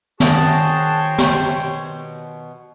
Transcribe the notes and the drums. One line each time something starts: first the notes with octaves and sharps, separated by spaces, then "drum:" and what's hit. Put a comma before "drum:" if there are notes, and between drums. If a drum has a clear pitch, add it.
D#3 F#4 G#4 C5 C#5 G5 A5, drum: snare
B2 G4, drum: snare